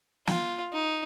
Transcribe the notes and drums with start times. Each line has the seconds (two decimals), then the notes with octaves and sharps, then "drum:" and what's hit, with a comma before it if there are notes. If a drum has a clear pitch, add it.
0.27 F4, drum: snare
0.73 D#4